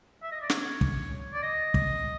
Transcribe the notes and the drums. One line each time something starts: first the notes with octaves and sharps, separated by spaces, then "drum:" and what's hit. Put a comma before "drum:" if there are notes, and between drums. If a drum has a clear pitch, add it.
E5
D#5
D5
C#5, drum: snare
drum: kick
D5
D#5
drum: kick